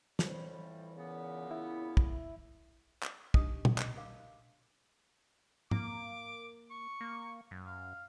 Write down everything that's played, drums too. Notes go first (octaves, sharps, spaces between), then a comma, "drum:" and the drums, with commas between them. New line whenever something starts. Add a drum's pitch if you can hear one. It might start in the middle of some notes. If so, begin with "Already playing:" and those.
F2 A2 E3 G3, drum: snare
A#2 C#3 B3
E4
drum: kick
drum: clap
D4 D#4 G4 D#5 D#6, drum: kick
drum: tom
D#5, drum: clap
A#4 F5 D6
A#3 D6, drum: tom G#2
C#6
A#3
F#2
F5